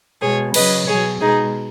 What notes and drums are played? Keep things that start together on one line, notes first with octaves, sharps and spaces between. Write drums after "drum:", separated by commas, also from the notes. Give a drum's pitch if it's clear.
B2 G#3 G#4 C#5
C#3 F#3 B4 D#5, drum: cymbal
B2 F#3 G#4 C#5
B2 G#3 D#4 G#4